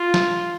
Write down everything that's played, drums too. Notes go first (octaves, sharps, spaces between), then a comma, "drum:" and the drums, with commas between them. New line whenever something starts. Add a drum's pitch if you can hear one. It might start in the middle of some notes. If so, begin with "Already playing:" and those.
Already playing: F4
drum: snare